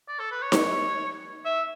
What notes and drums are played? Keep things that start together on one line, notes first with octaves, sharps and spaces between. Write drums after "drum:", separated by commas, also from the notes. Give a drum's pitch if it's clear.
D5
A4
B4
C#5
drum: snare D#4
E5